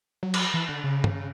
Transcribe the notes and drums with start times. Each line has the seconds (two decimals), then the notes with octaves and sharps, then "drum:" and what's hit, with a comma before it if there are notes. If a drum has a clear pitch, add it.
0.23 F#3
0.34 drum: cymbal
0.54 E3
0.69 D3
0.84 C#3
1.04 drum: tom